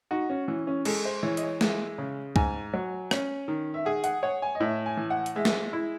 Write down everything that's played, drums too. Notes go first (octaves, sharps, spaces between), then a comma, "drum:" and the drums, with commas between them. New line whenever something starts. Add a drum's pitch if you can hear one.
D#4 F#4
C#4
E3 C#4
C#4
G#3 A4, drum: cymbal
C5
E3 C#5
D#5, drum: hi-hat
C#5
G#3 E5, drum: snare
C#3
G#2 G#5, drum: kick
F#3
C#4, drum: rim click
D#3
E5
G#4 F#5
F#5, drum: hi-hat
C#5 F#5
G#5
D#5
A2 E5
G#5
E3
F#5
drum: hi-hat
G#3 E5
drum: snare
E4